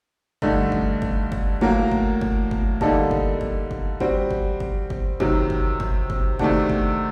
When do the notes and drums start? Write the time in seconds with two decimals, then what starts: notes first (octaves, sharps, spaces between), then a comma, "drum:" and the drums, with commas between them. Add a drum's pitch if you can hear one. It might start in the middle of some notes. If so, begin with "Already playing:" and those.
0.42 G2 D3 A3 D#4, drum: kick
0.72 drum: kick
1.02 drum: kick
1.32 drum: kick
1.61 A2 F#3 A#3 F#4 A#4, drum: kick
1.92 drum: kick
2.21 drum: kick
2.51 drum: kick
2.81 D3 G3 A#3 D#4 A4, drum: kick
3.11 drum: kick
3.41 drum: kick
3.71 drum: kick
4.00 G3 C4 F#4, drum: kick
4.31 drum: kick
4.60 drum: kick
4.90 drum: kick
5.20 C3 D#3 F#3, drum: kick
5.50 drum: kick
5.80 drum: kick
6.10 drum: kick
6.39 C3 D#3 A3 D4 F#4, drum: kick
6.70 drum: kick